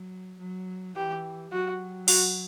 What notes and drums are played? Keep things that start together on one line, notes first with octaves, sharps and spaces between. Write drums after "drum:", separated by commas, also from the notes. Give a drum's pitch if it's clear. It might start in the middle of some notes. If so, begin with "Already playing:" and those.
Already playing: F#3
F#3
E3 G4
F#3 F#4
F#4, drum: open hi-hat